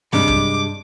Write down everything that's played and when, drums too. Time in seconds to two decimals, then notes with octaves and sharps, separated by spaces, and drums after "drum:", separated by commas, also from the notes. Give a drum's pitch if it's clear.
0.13 G2 C3 G3 G#3 D6, drum: snare
0.28 drum: kick